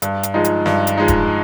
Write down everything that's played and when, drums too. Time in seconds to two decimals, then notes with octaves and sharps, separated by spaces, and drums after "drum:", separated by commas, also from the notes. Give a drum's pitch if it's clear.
0.02 G2, drum: hi-hat
0.23 drum: hi-hat
0.34 F3 G#3 D#4
0.44 drum: hi-hat
0.66 G2, drum: snare
0.87 drum: hi-hat
0.98 F3 G#3 D#4
1.08 drum: kick D#1, hi-hat